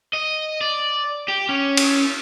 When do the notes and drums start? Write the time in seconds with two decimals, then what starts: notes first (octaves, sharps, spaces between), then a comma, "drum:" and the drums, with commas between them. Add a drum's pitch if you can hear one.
0.13 D#5
0.61 D5
1.28 G4
1.49 C#4
1.77 drum: cymbal